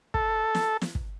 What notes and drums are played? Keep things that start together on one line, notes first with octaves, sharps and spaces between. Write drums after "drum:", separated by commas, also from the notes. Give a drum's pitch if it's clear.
A4, drum: kick
drum: snare
drum: snare
drum: kick